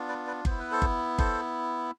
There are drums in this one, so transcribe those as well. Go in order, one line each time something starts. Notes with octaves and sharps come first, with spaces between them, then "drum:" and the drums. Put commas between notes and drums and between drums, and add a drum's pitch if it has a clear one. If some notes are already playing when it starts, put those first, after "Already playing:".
Already playing: B3 D4 F4
B4 D5
B4 D5
B3 E4 C5, drum: kick G1
B4
A4 C5
drum: kick G1
A4 C5, drum: kick G1